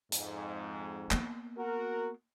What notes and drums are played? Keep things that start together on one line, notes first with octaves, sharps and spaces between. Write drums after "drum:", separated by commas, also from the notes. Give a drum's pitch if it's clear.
F2 G#2, drum: hi-hat
A#3 B3, drum: clap
F#4 A#4